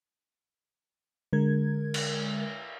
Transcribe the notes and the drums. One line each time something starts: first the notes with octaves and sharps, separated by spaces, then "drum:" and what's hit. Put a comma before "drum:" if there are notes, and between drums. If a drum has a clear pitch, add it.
D3 G#3 A#4 G#6
drum: cymbal